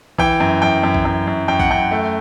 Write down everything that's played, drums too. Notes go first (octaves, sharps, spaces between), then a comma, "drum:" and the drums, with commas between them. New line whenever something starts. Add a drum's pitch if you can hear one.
E3 G5, drum: kick A#1
F#2
F#2 G5
F#2
drum: kick A#1
F#2
F#2
F#2 G5
F#5, drum: kick A#1
F#2 G5
A3